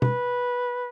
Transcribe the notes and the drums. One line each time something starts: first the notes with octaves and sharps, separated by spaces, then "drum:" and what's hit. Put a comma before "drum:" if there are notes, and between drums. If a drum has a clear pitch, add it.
B4, drum: tom B2